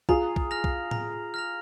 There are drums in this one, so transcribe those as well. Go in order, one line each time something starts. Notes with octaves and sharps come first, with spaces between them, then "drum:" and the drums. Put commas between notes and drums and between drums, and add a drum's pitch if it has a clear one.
F4 G#4 A#5, drum: kick
drum: kick
F6 A#6 F7
drum: kick
A#5, drum: tom
F6 A#6 F7